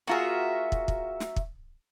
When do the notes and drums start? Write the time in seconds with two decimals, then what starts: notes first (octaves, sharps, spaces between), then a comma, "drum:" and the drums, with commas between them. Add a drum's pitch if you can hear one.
0.07 A#3 F4 F#4 G#4 A#4 E5
0.72 drum: kick
0.88 drum: kick
1.20 drum: snare
1.36 drum: kick